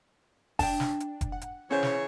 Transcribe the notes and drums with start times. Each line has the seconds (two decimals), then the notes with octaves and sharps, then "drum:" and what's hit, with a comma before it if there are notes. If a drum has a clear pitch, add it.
0.59 D4 G5 A5, drum: kick F1, open hi-hat
0.80 drum: snare
1.00 drum: hi-hat
1.21 drum: kick F1, hi-hat
1.32 F#5
1.41 drum: hi-hat
1.71 C#3 E3 C#4 C5 C#5
1.83 drum: snare